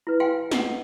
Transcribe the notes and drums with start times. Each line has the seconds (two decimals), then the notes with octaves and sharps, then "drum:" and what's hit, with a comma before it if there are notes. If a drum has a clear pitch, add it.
0.07 E4 B4
0.20 F5 G5 G#5 C6
0.51 D#5 F#5, drum: snare